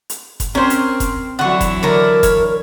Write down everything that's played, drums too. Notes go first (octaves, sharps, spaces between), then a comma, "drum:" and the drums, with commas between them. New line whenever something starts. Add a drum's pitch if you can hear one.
drum: hi-hat
drum: kick F#1, hi-hat
C4 C#4 A#4 C5
drum: hi-hat
drum: kick F#1, hi-hat
D3 E3 F#3 E4 F#5 C#6
drum: kick F#1, hi-hat
D3 A#4 C#5 D5 A#5
C#5, drum: kick F#1, hi-hat